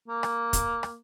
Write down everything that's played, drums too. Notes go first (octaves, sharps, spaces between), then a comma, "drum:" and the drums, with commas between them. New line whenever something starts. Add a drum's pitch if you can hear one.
A#3
drum: rim click
drum: kick, hi-hat
drum: rim click